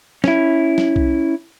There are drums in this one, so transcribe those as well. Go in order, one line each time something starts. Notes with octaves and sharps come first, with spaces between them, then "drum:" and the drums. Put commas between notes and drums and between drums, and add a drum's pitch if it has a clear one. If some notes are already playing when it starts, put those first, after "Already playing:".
C#4 E4, drum: snare
drum: snare
drum: kick B1